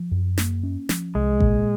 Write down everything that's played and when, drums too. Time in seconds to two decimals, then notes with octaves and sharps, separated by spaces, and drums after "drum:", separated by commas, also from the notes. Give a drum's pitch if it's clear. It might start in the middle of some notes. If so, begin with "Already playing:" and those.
Already playing: F3
0.11 F#2
0.38 A#3, drum: snare
0.63 C#4
0.89 F3, drum: snare
1.15 C2 G#3
1.40 A#2, drum: kick A1